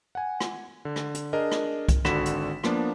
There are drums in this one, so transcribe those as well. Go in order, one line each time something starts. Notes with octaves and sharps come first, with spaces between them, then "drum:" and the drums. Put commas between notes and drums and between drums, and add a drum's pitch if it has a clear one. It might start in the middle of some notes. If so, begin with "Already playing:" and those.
F#5 G#5
drum: rim click
D3
drum: rim click
drum: hi-hat
D4 G#4 A#4 D#5
drum: rim click
drum: kick C2, hi-hat
G#1 D3 F#4 B5 B6 E7, drum: rim click
drum: hi-hat
F3 A#3 B3 D4, drum: rim click